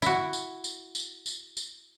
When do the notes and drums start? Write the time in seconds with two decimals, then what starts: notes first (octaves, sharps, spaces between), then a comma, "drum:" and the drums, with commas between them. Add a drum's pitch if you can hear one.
0.02 E4 F#4, drum: tambourine
0.33 drum: tambourine
0.64 drum: tambourine
0.95 drum: tambourine
1.26 drum: tambourine
1.57 drum: tambourine